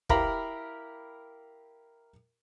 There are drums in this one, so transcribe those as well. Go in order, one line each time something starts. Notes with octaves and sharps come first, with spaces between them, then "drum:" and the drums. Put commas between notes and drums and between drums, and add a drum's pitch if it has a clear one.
E4 G4 A#4 F5 A#5 B5, drum: kick